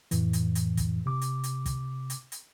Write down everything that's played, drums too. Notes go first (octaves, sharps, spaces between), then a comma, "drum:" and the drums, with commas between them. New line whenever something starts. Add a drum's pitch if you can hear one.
F2 A2 E3, drum: hi-hat
drum: hi-hat
drum: hi-hat
drum: kick, hi-hat
C3 D6
drum: hi-hat
drum: hi-hat
drum: kick, hi-hat
drum: hi-hat
drum: hi-hat